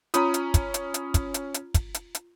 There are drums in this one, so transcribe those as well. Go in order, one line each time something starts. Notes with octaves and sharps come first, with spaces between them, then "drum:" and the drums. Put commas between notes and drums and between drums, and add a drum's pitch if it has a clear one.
C#4 F4 A#5 B5 D#6, drum: hi-hat
drum: hi-hat
drum: kick, hi-hat
drum: hi-hat
drum: hi-hat
drum: kick, hi-hat
drum: hi-hat
drum: hi-hat
drum: kick, hi-hat
drum: hi-hat
drum: hi-hat